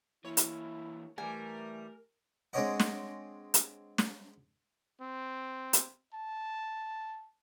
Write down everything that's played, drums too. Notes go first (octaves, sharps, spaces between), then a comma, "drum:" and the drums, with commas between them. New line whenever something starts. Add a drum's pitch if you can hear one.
E3 A#3 E4 C#5
drum: hi-hat
E3 G3 A3 A#4 G#5
G#3 C4 D4 C#5 D#5 F#5
drum: snare
drum: hi-hat
drum: snare
C4
drum: hi-hat
A5